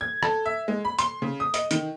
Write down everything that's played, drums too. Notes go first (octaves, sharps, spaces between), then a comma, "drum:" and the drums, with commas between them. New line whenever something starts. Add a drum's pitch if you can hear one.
G#6
A4, drum: rim click
E5
G#3
B5
C6, drum: hi-hat
C#3
D#6
D#5, drum: hi-hat
D#3, drum: hi-hat